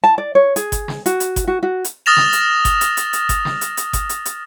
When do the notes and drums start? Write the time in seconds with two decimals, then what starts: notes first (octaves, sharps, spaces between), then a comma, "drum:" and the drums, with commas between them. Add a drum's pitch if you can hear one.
0.04 A5
0.18 D5
0.35 C#5
0.56 G#4, drum: hi-hat
0.72 drum: kick G1, hi-hat
0.88 drum: snare
1.06 F#4, drum: hi-hat
1.20 drum: hi-hat
1.36 drum: kick G1, hi-hat
1.47 F#4
1.63 F#4
1.84 drum: hi-hat
2.06 D#6 F6 A6 A#6 E7 F7
2.17 drum: snare
2.33 drum: hi-hat
2.65 drum: kick G1, hi-hat
2.81 drum: hi-hat
2.97 drum: hi-hat
3.13 drum: hi-hat
3.29 drum: kick G1, hi-hat
3.45 drum: snare
3.61 drum: hi-hat
3.77 drum: hi-hat
3.93 drum: kick G1, hi-hat
4.09 drum: hi-hat
4.25 drum: hi-hat